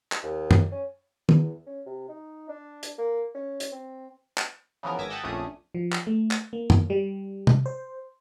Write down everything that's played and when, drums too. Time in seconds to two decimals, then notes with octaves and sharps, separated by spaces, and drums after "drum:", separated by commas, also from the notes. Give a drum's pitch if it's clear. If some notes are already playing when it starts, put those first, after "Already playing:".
0.12 drum: clap
0.23 D#2
0.51 drum: tom
0.71 C#4
1.29 E2, drum: tom
1.67 C#4
1.86 C3
2.09 D#4
2.49 D4
2.83 drum: hi-hat
2.98 A#3
3.35 C#4
3.60 drum: hi-hat
3.72 C4
4.38 drum: clap
4.83 C#3 E3 F3 B3 A#4
4.98 G#1 E5 G#5 D6 A#6
5.10 D#5 E5 F#5 G5 A5
5.23 A#1 F2 A3 C#4 D4 D#6
5.74 F3
5.92 drum: clap
6.07 A3
6.31 drum: clap
6.53 A#3
6.70 drum: tom
6.90 G3
7.47 drum: tom
7.66 C5